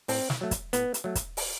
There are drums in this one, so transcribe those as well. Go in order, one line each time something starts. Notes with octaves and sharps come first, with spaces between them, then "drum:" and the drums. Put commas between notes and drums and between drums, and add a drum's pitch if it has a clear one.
A2 C4, drum: open hi-hat
drum: snare
F#3 A3
drum: kick, hi-hat
A2 B3, drum: hi-hat
drum: hi-hat
F#3 A3
drum: kick, hi-hat
drum: open hi-hat